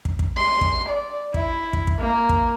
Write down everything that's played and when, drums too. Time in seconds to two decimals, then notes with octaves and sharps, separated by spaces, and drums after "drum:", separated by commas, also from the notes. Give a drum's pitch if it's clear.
0.05 drum: kick
0.19 drum: kick
0.37 C6
0.61 drum: kick
0.89 D5
1.34 E4, drum: kick
1.73 drum: kick
1.87 drum: kick
1.99 A#3
2.29 drum: kick